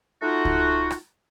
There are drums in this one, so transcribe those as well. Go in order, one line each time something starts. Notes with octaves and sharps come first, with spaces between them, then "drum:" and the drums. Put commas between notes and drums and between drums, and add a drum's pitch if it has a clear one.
A3 D#4 F4 F#4
drum: kick C#2
drum: rim click